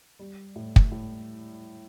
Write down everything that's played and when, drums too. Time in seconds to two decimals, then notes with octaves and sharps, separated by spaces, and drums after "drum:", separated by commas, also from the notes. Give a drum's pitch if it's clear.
0.19 G3
0.56 A2
0.76 drum: kick
0.92 A2